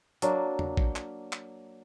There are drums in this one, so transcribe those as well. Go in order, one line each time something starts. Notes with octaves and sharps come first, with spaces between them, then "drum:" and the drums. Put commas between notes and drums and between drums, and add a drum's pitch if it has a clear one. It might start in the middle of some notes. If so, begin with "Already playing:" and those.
F#3 A#3 D4, drum: hi-hat
drum: tom E2
drum: kick
drum: clap
drum: clap